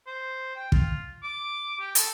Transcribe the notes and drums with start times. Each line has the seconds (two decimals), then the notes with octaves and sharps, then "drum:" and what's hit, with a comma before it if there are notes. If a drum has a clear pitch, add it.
0.07 C5
0.56 G5
0.72 F4, drum: kick
1.23 D6
1.80 G4
1.95 A4, drum: hi-hat